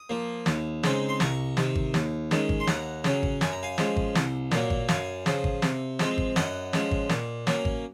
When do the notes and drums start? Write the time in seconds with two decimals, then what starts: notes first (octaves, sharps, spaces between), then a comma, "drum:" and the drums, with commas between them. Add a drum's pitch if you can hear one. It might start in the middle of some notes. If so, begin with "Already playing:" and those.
Already playing: D#6
0.09 F3 A#3
0.46 D#2, drum: snare
0.83 C#3 G#3 C4 D#4, drum: snare
1.09 C6
1.20 C2 A#5 C#6, drum: snare
1.57 C3 D#3, drum: snare
1.75 drum: kick G#1
1.94 D#2, drum: snare
2.31 D#3 G#3 C#4, drum: snare
2.49 drum: kick G#1
2.60 C6
2.67 D#2 F#5 A#5, drum: snare
3.04 C#3 F#3 C#4, drum: snare
3.23 drum: kick G#1
3.41 F#2 G#5, drum: snare
3.52 A#5
3.63 F5 G#5
3.78 F3 G#3 C#4, drum: snare
3.97 drum: kick G#1
4.15 C2, drum: snare
4.51 A#2 F#3 A#3, drum: snare
4.70 drum: kick G#1
4.89 F#2 F5 G#5, drum: snare
5.26 C#3 F3, drum: snare
5.44 drum: kick G#1
5.62 C3, drum: snare
5.99 F3 G#3 C4, drum: snare
6.18 drum: kick G#1
6.36 F#2 D#5 F#5, drum: snare
6.73 F3 G#3 C#4, drum: snare
6.91 drum: kick G#1
7.09 A#2, drum: snare
7.47 F#3 A#3 C#4, drum: snare
7.65 drum: kick G#1